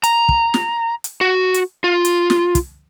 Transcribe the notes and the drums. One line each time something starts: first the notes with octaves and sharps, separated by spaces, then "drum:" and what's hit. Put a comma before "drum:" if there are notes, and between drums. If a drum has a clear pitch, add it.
A#5, drum: hi-hat
drum: kick
drum: snare
drum: hi-hat
F#4
drum: hi-hat
F4
drum: hi-hat
drum: snare
drum: kick, hi-hat